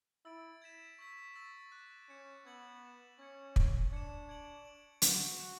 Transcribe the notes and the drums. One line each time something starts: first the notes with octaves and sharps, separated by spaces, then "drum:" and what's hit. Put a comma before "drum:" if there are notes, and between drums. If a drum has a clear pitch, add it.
E4 E6 A6 D7
G#6 B6 E7
C#6 E6 G#6 B6
C#6 E6 A6
D6 F#6 B6
C#4 D6 G#6 C#7 E7
B3 C#6 E6 G#6 C#7 F#7
F#6 B6 E7
C#4 C#6 G#6 C#7
G#6 C#7 E7, drum: kick
D4 G#6 C#7 E7
G#6 D7 F#7
G#6 D7 F#7
F#4 D6 G#6 C#7 F#7, drum: hi-hat
C#6 F#6 C#7